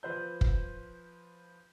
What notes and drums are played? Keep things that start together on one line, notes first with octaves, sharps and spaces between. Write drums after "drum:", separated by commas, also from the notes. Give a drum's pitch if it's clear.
F3 B4 C5 G6
drum: kick